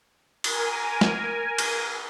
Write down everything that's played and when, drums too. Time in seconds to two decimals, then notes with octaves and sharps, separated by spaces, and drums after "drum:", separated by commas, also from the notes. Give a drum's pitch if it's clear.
0.44 A#4 G#5, drum: cymbal
1.01 drum: snare
1.58 drum: cymbal